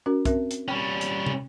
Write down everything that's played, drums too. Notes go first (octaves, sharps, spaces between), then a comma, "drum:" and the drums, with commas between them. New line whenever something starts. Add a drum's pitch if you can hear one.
C#4 F#4 A#4
C4 A#4 E5, drum: kick, hi-hat
drum: hi-hat
G3 C#4 G5 B5
drum: hi-hat
drum: tom